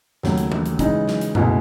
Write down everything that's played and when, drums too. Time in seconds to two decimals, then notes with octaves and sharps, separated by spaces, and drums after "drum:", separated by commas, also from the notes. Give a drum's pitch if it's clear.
0.23 D#2 C#3 F#3 A3, drum: snare
0.38 drum: hi-hat
0.52 drum: tom E3
0.66 drum: hi-hat
0.79 C#3 E3 G#3 D#4, drum: kick, hi-hat
1.07 drum: snare
1.21 drum: hi-hat
1.35 C#2 B2 A3 E4 G#4, drum: tom F#2